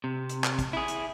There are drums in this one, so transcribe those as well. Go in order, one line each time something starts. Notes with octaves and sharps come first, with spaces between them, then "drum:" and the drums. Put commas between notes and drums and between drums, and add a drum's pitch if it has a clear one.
C3
drum: hi-hat
drum: clap
drum: kick, hi-hat
E4 G#4
drum: hi-hat